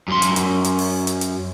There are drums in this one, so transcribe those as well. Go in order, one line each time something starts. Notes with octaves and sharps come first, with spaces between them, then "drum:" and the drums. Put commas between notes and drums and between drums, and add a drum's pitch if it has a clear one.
F#2 C6
drum: hi-hat
drum: hi-hat
drum: hi-hat
drum: open hi-hat
drum: hi-hat
drum: hi-hat